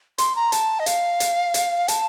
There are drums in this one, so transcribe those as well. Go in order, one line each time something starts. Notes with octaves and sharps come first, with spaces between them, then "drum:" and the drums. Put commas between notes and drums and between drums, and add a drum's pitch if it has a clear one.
C6, drum: hi-hat
A#5
A5, drum: hi-hat
D#5
F5, drum: hi-hat
drum: hi-hat
drum: hi-hat
A5, drum: hi-hat